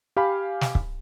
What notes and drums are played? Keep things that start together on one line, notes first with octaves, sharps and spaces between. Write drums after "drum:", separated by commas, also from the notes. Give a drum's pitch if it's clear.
G4 F5 G#5 B5
drum: snare
drum: kick C#1